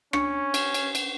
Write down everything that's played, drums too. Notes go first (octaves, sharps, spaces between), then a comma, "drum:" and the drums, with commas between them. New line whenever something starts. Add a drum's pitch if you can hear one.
C#4 D4 C#6 C#7, drum: rim click
drum: cymbal
drum: cymbal
drum: cymbal